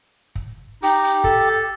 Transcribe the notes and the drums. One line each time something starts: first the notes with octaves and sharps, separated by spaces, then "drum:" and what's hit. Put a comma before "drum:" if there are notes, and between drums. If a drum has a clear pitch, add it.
drum: kick
D#4 G4, drum: hi-hat
drum: hi-hat
A4, drum: kick